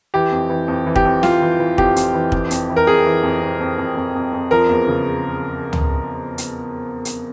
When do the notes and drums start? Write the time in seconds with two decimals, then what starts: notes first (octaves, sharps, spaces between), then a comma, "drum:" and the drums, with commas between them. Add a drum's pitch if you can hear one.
0.14 E3 G4
0.32 F2
0.50 E3
0.68 F2
0.86 E3
0.96 G4, drum: kick
1.05 F2
1.23 F2 F4, drum: snare
1.42 E3
1.59 E3
1.78 F2 G4, drum: kick
1.96 F2, drum: hi-hat
2.14 E3
2.32 F2, drum: kick
2.51 F2, drum: hi-hat
2.69 E3
2.76 A#4
2.87 F2 G#4
3.06 E3
3.23 F2
3.42 F2
3.60 F2
3.78 F2
3.97 F2
4.15 F2
4.33 F2
4.51 F3 A#4
4.69 E2
4.88 C#3
5.73 drum: tom
6.38 drum: hi-hat
7.05 drum: hi-hat